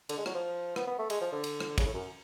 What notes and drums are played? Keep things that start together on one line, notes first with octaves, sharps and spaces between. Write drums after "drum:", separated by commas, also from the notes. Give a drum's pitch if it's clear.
D3, drum: cymbal
G#3
F#3, drum: rim click
F3
B3, drum: rim click
B3
A3
G#3, drum: cymbal
F3
D3
drum: cymbal
drum: rim click
C#3, drum: kick, cymbal
A2
F#2